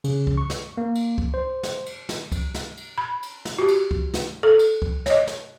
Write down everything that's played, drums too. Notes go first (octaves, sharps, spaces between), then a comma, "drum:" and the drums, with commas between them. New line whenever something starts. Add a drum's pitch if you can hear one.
C#3, drum: cymbal
drum: kick C#2
C#6
drum: snare
A#3
drum: cymbal
drum: kick C#2
C5
drum: snare
drum: cymbal
drum: snare
drum: kick C#2, cymbal
drum: snare
drum: cymbal
B5
drum: cymbal
drum: snare
F#4 G4
drum: cymbal
drum: kick C#2
drum: snare
A4
drum: cymbal
drum: kick C#2
C#5 D#5, drum: snare
drum: snare